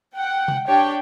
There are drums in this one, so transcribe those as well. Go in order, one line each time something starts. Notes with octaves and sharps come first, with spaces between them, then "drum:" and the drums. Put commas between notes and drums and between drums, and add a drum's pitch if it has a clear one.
F#5 G5
drum: tom C3
D4 G4 C#5 G5